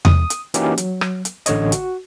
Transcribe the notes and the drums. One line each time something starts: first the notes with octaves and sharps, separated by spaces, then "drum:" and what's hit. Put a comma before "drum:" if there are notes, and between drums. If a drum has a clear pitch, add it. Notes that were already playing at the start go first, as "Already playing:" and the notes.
D#6, drum: tom E2
drum: hi-hat
E3 A#3 C#4 D#4 F#4 G4, drum: hi-hat
F#3, drum: hi-hat
drum: rim click
drum: hi-hat
A1 D3 C#5 D#5, drum: hi-hat
F#4, drum: hi-hat